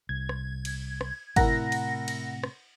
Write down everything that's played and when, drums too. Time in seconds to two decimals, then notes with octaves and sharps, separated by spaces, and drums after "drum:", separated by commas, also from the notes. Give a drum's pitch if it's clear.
0.09 C2 G#6
0.29 drum: rim click
0.65 drum: cymbal
1.01 drum: rim click
1.36 A2 C3 E4 A#4 F#5 A#5 A#6, drum: kick G1, cymbal
1.72 drum: cymbal
2.08 drum: cymbal
2.43 drum: rim click